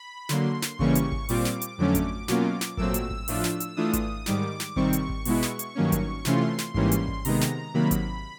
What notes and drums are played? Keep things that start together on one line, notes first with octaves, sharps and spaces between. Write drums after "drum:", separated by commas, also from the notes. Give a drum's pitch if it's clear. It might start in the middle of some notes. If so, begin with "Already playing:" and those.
Already playing: B5
D3 F#3 A#3 C6, drum: snare
drum: snare
C#3 E3 G3 A#3 C#4 C#6, drum: kick G#1
drum: hi-hat
drum: kick G#1
A#2 G3 C4 F4 D6, drum: open hi-hat
drum: snare
drum: hi-hat
F2 D3 F#3 A3 C#4 D6
drum: kick G#1, hi-hat
B2 F#3 A#3 C#4 F4, drum: snare
drum: snare
A#2 F#3 A3 C4 E6, drum: kick G#1
drum: hi-hat
drum: kick G#1
A2 F3 A3 D4 F4, drum: open hi-hat
drum: snare
drum: hi-hat
E3 A3 D4 F4 D#6
drum: kick G#1, hi-hat
G#2 D#3 G3 D6, drum: snare
drum: snare
C3 D#3 G3 C4 C#6, drum: kick G#1
drum: hi-hat
drum: kick G#1
B2 G#3 B3 E4, drum: open hi-hat
drum: snare
drum: hi-hat
G2 D#3 F#3 A#3 C#4
drum: kick G#1, hi-hat
C3 E3 A3 C#4 F4 C6, drum: snare
drum: snare
G#2 E3 G3 A#3 C#4 C6, drum: kick G#1
drum: hi-hat
drum: kick G#1
C3 D#3 G#3 B3 A#5, drum: open hi-hat
drum: snare
C3 D#3 F#3 A#3 B5
drum: kick G#1, hi-hat